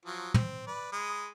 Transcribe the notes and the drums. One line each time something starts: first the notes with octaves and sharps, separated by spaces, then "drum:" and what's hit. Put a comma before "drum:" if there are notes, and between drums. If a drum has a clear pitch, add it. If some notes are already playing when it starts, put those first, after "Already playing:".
F3 F#3
C4, drum: tom
B4 D5
G#3 B5 D#6